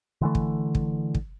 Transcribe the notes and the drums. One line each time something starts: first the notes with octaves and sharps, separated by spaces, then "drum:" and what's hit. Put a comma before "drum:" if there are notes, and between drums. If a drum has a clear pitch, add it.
D3 E3 A3
drum: kick
drum: kick
drum: kick